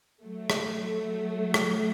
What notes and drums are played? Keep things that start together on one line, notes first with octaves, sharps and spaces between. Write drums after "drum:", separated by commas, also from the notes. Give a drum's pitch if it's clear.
F#3 A3
drum: rim click
drum: rim click